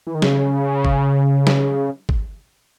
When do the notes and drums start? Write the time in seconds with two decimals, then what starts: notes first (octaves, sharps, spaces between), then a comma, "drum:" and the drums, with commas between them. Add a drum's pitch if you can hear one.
0.07 E3
0.15 D#3
0.22 C#3, drum: snare
0.85 drum: kick G#1
1.47 drum: snare
2.09 drum: kick G#1